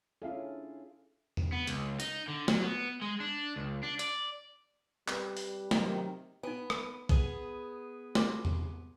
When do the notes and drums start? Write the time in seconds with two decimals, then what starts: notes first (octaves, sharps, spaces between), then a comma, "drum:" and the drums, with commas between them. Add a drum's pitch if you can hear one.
0.22 C#4 D4 E4 F4 G#4 A4 E5 F5
1.37 drum: tom E2
1.52 B3
1.67 C#2, drum: hi-hat
2.00 D#4, drum: hi-hat
2.28 D3
2.48 F#3, drum: snare
2.63 B3
3.02 G#3
3.20 D4
3.56 C#2
3.83 D4
3.99 D5, drum: hi-hat
5.08 G3 C4 B4, drum: clap
5.37 drum: open hi-hat
5.71 C3 D#3 F#3 D#4, drum: snare
6.43 B3 D#4 G#5
6.70 drum: rim click
7.09 B3 G#4, drum: kick
8.15 A#4 C6 D6, drum: snare
8.45 drum: tom E2